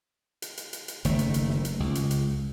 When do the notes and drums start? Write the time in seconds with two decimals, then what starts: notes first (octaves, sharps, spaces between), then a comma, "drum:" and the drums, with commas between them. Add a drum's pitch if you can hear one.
0.42 drum: hi-hat
0.57 drum: hi-hat
0.73 drum: hi-hat
0.88 drum: hi-hat
1.05 F#1 D#3 A3, drum: hi-hat
1.19 drum: hi-hat
1.34 drum: hi-hat
1.49 drum: snare
1.65 drum: hi-hat
1.80 C#2
1.95 drum: hi-hat
2.11 drum: hi-hat